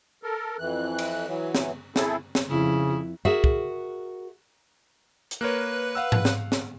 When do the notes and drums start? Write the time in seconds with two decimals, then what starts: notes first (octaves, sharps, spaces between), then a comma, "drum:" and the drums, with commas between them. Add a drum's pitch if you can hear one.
0.23 A4 A#4
0.59 F2 E3 F#6
0.99 drum: cymbal
1.27 E3 F#3
1.55 drum: snare
1.96 C4 E4 G#4 A4, drum: snare
2.35 drum: snare
2.49 F2 C#3 E4
3.25 F#4 G#4 A#4 E5
3.44 drum: kick
5.31 drum: hi-hat
5.41 A#3 A#4 B4 C#5 F#6
5.95 F5 F#5 E6
6.12 drum: tom G#2
6.25 drum: snare
6.52 drum: snare